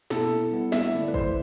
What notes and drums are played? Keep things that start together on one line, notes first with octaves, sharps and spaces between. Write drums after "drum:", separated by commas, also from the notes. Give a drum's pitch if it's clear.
B2 B3 E4 A4, drum: snare
G3 B3 E4
E5, drum: snare
D3 A3 E4 A4 D5
B4
C5, drum: kick